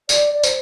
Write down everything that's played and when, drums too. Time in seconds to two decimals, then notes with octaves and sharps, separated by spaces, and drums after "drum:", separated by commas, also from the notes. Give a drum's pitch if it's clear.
0.09 D5, drum: tambourine
0.34 D5
0.43 C5, drum: tambourine